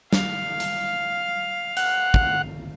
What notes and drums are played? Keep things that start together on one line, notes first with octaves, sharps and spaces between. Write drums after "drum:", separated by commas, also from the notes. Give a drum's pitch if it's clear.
F5, drum: snare
drum: hi-hat
F#5, drum: hi-hat
drum: kick